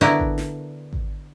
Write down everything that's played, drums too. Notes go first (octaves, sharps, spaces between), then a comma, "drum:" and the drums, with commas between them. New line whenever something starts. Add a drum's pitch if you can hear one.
D3 B3 D4 E4 F#4 A#4
drum: kick G#1
drum: snare
drum: kick G#1